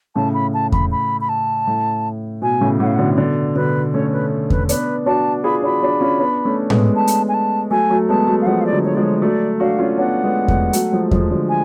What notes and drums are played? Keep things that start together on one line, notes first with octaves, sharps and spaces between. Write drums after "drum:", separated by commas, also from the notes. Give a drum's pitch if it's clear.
A2 C#3 A5
B5
A5
B5, drum: kick E2
B5
B5
A5
A2
B2 G#5
A2 C#3
A2 C#3 F#5
F5
B2 D3 F#5
B2 D3 D5
B2 D3 B4
A3 C#4 C#5
B4
B4, drum: kick E2
B3 D4 B4, drum: hi-hat
D4 F#4 A5
F4 G#4 B5
D4 F#4 B5
D4 F#4
C#4 F4
B3 D4
A3 C#4
G#3 B3, drum: tom A2
A5
drum: hi-hat
G#5
A5
F#3 A3 G#5
F#3 A3
G#3 B3 A5
F#3 A3
F5
F3 G#3 F#5
F5
D5
D3 F#3
C#5
F3 G#3 D5
C#5
F#3 A3 D5
D4 F#4 F5
C#4 F4
B3 D4 F#5
G#3 B3
G#3 B3, drum: kick E2
F#3 A3, drum: hi-hat
F3 G#3
F3 G#3, drum: kick E2
D3 F#3
G#5